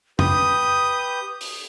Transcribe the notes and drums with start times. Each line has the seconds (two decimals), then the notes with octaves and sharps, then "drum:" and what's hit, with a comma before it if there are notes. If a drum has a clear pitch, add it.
0.19 G4 B4 D#6 G6, drum: tom F2
1.41 drum: open hi-hat